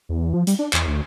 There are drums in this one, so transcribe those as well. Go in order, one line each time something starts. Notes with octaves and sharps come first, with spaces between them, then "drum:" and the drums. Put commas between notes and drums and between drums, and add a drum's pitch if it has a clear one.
E2
F3
G3, drum: hi-hat
D4
E2, drum: clap
D2